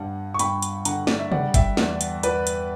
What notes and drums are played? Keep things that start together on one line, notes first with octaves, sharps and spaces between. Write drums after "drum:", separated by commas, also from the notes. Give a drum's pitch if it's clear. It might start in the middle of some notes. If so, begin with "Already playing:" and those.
Already playing: G2 G3 F#5
C#6
G2 G5 B5, drum: hi-hat
drum: hi-hat
D3 F#5 A#5, drum: hi-hat
D5, drum: snare
E5
G3 D5 F#5, drum: tom C3
E5 G5, drum: kick, hi-hat
E2 D5 F#5, drum: snare
drum: hi-hat
E2 B4 D5, drum: hi-hat
drum: hi-hat